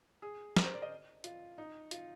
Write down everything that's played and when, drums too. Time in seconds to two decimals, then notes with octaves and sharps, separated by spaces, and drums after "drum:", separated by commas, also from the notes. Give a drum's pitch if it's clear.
0.22 G#4
0.57 A#4, drum: snare
0.64 C5
0.73 D5
0.82 D#5
1.24 F4, drum: hi-hat
1.58 D#4
1.91 F4, drum: hi-hat